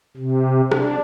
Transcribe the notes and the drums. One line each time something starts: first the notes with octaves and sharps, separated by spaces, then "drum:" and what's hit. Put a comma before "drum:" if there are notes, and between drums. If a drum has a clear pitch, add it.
C3
D4, drum: rim click